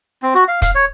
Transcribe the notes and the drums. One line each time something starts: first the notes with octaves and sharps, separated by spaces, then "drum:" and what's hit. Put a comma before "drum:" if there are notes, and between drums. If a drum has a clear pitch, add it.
C4
F#4
F5
F5, drum: kick, hi-hat
C#5